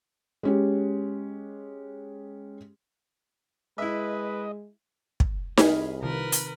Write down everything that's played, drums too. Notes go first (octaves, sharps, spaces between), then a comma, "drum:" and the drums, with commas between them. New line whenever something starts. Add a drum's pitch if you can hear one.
G#3 C#4 G4
G#3 E4 B4 D#5 E5
drum: kick
C2 G#4 B5 F6, drum: snare D#4
C3 D#3 F3 A#4 B4
drum: hi-hat